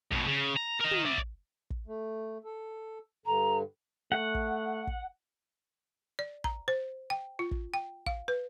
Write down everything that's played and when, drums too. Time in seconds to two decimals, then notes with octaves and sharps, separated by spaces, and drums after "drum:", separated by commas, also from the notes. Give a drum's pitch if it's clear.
0.12 F2 B2, drum: kick
0.27 C#3
0.57 A#5
0.81 A#4 D#5
0.91 drum: tom
1.06 D5 E5
1.18 drum: kick
1.71 drum: kick
1.87 A3
2.44 A4
3.26 G2 D3 A#5
4.12 A3 F#5
4.35 drum: kick
4.87 drum: kick
6.19 D5
6.44 A#5, drum: kick
6.68 C5
7.10 G5
7.39 F4
7.51 drum: kick
7.74 G5
8.06 F5, drum: kick
8.28 B4